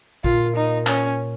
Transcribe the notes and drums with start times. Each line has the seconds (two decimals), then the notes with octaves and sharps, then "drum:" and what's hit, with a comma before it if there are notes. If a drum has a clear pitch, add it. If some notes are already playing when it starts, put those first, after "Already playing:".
0.24 A#2 F4, drum: kick
0.56 D#4
0.87 C#4, drum: clap